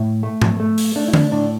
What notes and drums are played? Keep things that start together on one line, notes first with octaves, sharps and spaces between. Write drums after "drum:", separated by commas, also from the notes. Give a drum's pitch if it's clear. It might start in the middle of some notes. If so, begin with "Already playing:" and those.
Already playing: A2 E4
A3
drum: tom G#2
A3
drum: open hi-hat
A3 D4
E4
D4, drum: tom D3
A2 D4